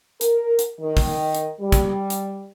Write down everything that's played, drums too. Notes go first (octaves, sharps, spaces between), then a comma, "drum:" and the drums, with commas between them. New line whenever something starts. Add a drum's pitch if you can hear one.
A#4, drum: hi-hat
drum: hi-hat
D#3
drum: kick, open hi-hat
drum: hi-hat
G3
drum: kick, hi-hat
drum: hi-hat